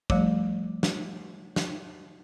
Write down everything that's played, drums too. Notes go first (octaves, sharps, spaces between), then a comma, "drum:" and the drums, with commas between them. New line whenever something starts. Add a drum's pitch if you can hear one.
F3 G3 A3, drum: kick
drum: snare
drum: snare